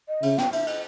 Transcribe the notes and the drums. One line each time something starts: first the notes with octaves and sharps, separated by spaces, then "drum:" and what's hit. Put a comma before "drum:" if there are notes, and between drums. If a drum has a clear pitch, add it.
D#5
C#3 E5, drum: cymbal
G5, drum: snare
E5, drum: cymbal
D#5, drum: cymbal